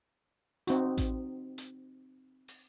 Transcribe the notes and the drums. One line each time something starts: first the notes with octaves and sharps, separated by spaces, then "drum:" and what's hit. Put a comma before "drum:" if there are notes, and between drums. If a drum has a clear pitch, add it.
C4 D#4 F#4, drum: hi-hat
drum: kick A1, hi-hat
drum: hi-hat
drum: open hi-hat